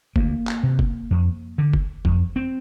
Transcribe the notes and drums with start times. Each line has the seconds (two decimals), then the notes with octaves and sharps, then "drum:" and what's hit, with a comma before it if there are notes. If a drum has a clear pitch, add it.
0.16 D2 A#3, drum: kick F#1
0.47 drum: clap
0.63 C3
0.79 drum: kick F#1
1.11 F2
1.58 D3
1.73 drum: kick F#1
2.05 F2, drum: kick F#1
2.36 C4